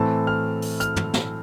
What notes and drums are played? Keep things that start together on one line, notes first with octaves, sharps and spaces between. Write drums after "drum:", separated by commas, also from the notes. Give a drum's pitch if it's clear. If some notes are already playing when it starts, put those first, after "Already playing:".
Already playing: A2 E3 A3 C4 A5
F6
drum: open hi-hat
F6, drum: hi-hat
drum: tom
drum: snare